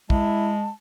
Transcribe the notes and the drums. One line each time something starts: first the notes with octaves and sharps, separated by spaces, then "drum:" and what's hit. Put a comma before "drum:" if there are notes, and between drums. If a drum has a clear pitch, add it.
G#3 E4 A5, drum: kick